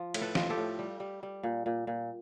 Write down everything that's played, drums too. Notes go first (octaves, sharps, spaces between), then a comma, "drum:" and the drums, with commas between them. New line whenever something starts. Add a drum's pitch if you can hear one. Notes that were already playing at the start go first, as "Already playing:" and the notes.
Already playing: F3
A2, drum: cymbal
A4 B4
F3, drum: snare
G4 A4
A2
G3
G3
G3
A#2
A#2
A#2